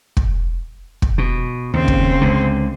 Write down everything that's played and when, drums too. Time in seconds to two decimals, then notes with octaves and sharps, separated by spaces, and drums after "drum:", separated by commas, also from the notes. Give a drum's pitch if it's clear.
0.17 drum: kick
1.02 drum: kick
1.18 B2
1.73 D#2 C#3 C4
1.88 drum: kick
2.21 C#2 D3